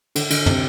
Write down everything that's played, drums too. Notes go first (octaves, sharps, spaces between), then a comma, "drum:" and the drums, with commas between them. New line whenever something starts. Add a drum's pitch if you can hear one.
D3, drum: cymbal
D3, drum: cymbal
C3, drum: tom